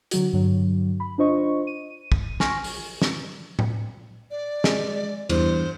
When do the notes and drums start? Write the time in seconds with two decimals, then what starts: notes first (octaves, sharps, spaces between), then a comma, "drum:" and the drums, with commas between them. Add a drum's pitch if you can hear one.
0.11 D3 F#3 F#4, drum: hi-hat
0.33 G2 D3 F#3
1.00 B5
1.18 D4 F4 C5 D#5 C#6
1.67 D#7
2.12 drum: kick
2.40 G#5 C6 C#6 F6 A#6, drum: snare
2.64 drum: open hi-hat
3.02 drum: snare
3.59 drum: tom A2
4.31 D5
4.64 G#3, drum: snare
5.29 E2 G2 C5, drum: cymbal